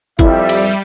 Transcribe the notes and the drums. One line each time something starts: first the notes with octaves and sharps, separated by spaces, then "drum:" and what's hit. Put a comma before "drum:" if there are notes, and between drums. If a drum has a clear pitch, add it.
F2 G3 E4 E5, drum: kick
drum: cymbal